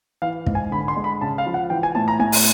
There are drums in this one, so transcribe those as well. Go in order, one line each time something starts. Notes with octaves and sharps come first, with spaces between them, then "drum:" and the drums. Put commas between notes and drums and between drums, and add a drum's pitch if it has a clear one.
E3 F5
G#2, drum: kick
G#5
D3 B5
C6
G#3
B5
C#3 A5
F5
F3
F#5
E3 G5
G#5
A2 A5
A#5
A2 G#5
drum: open hi-hat